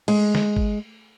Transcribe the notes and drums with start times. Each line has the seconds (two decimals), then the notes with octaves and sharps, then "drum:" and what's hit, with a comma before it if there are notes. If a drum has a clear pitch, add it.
0.08 G#3, drum: cymbal
0.35 drum: snare
0.56 drum: kick